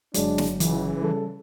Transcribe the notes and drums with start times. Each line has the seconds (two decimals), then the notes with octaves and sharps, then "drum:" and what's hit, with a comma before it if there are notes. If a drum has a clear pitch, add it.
0.14 G1 F#3 G#3 D4, drum: hi-hat
0.38 drum: snare
0.60 C#2 C#3 E3, drum: hi-hat
1.02 G3 A4